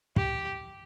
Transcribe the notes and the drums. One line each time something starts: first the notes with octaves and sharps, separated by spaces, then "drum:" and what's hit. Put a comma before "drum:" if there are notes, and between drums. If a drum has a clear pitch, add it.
G4, drum: kick